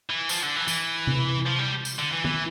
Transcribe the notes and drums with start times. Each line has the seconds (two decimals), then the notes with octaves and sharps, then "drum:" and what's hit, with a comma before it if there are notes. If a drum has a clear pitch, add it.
0.10 E3
0.29 F3, drum: tambourine
0.42 D3
0.56 E3
0.68 E3, drum: tambourine
1.07 drum: tom C3
1.46 F3
1.58 G3
1.85 drum: tambourine
1.99 D3
2.11 E3
2.24 E3, drum: tom D#3